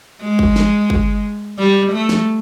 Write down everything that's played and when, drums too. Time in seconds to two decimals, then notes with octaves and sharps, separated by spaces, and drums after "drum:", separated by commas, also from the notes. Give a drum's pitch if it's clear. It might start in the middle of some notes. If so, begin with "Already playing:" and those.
0.22 G#3
0.39 drum: kick
0.56 drum: snare
0.90 drum: kick
1.58 G3
1.92 A3
2.09 drum: snare